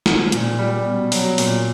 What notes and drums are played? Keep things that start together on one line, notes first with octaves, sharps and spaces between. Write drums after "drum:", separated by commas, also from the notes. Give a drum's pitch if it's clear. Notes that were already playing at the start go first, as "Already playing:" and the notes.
F3, drum: snare
A#2, drum: hi-hat
G3
B2
F#3, drum: open hi-hat
A#2, drum: open hi-hat